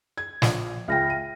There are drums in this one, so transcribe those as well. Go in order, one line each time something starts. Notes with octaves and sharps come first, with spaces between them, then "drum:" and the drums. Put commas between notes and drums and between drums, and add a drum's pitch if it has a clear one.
G#6
A#1, drum: snare
C#2 E5 G5 F6 A#6
D#7